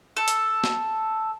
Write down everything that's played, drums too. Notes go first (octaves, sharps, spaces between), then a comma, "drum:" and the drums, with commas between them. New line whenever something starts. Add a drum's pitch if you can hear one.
A4
drum: hi-hat
drum: snare